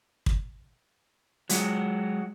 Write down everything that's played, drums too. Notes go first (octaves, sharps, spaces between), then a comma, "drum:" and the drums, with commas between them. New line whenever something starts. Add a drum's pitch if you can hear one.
drum: kick
F#3 G#3 F#4, drum: hi-hat